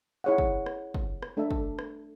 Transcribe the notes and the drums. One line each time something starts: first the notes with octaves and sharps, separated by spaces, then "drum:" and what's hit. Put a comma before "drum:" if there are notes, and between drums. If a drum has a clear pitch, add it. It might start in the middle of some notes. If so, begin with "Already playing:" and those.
E4 G#4 C#5 F#5
drum: kick
drum: rim click
drum: kick
drum: rim click
A3 D4 A4 E5
drum: kick
drum: rim click